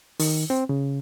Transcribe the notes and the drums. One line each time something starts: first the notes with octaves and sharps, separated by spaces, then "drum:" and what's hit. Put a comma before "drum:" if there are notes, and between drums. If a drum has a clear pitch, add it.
D#3, drum: open hi-hat
C4
C#3